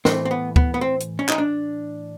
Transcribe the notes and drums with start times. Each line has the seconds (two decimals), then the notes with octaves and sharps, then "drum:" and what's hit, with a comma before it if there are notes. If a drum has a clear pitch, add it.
0.05 A2 E3 A3 C4, drum: snare
0.25 C4
0.31 B3
0.56 B3, drum: kick D2
0.74 B3
0.81 C4
1.00 drum: hi-hat
1.19 C#4
1.29 D#4, drum: clap
1.38 D4